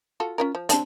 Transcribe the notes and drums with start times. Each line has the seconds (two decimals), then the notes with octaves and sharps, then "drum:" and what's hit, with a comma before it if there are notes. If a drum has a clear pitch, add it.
0.20 F4 F#4 A4
0.38 C#4 F4 A#4
0.55 F3
0.69 C4 D4 A5, drum: hi-hat